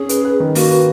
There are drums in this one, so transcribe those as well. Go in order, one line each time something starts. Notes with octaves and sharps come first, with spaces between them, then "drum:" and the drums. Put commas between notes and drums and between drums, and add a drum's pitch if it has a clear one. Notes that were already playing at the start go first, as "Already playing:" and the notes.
Already playing: C#4 G#4
B4, drum: hi-hat
B4
D#3
A#3 F#4, drum: open hi-hat
B4